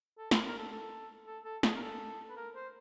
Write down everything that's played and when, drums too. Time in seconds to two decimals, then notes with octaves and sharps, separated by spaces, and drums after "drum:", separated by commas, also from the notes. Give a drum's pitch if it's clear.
0.18 A4
0.31 A#4, drum: snare
0.46 A#4
0.58 A4
0.72 A4
1.27 A4
1.45 A4
1.63 G#4, drum: snare
1.76 A#4
1.82 A4
2.30 B4
2.37 A#4
2.55 C5